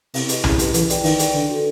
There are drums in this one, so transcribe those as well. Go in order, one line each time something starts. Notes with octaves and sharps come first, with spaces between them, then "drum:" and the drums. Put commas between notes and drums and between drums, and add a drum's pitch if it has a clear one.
C3 E4, drum: open hi-hat
G4 B4 D#5, drum: hi-hat
C#3 E4, drum: tom B1
G4 B4 D#5, drum: hi-hat
E3 B4, drum: hi-hat
D5 G5, drum: hi-hat
D#3 B4, drum: open hi-hat
D5 G5, drum: hi-hat
D3 D4
F#4 A4